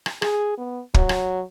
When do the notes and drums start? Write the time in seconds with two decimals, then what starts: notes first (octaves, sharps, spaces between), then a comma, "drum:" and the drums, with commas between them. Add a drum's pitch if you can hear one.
0.06 drum: rim click
0.22 G#4, drum: rim click
0.58 B3
0.94 F#3, drum: kick
1.09 drum: rim click